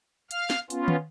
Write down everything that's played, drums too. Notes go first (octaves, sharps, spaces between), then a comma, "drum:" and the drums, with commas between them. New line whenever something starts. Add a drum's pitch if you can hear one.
F5 F6, drum: hi-hat
drum: snare
B3 C#4 F4, drum: hi-hat
drum: tom